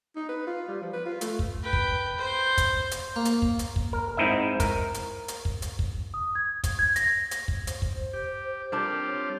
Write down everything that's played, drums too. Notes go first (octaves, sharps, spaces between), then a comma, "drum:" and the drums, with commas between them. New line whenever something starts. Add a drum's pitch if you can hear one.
D#4
B4
F4
G3
F3
B4
F4
A3, drum: hi-hat
drum: kick
B4 G5
drum: kick
C5
drum: kick, hi-hat
drum: hi-hat
A#3
drum: hi-hat
drum: kick
drum: hi-hat
drum: kick
A#4
G#2 C4 D#4 E4 D#5 E5
A#4, drum: kick, hi-hat
drum: hi-hat
drum: hi-hat
drum: kick
drum: hi-hat
drum: kick
D#6
G#6
drum: kick, hi-hat
G#6
A#6, drum: hi-hat
drum: hi-hat
drum: kick
C5, drum: hi-hat
drum: kick
G4
G3 C4 D4 F4 G4 A#4
C#5